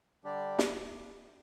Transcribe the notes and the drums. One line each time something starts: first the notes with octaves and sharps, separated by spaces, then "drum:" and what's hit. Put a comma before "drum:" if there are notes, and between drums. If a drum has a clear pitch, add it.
D3 G3 D4 G4 D5
drum: snare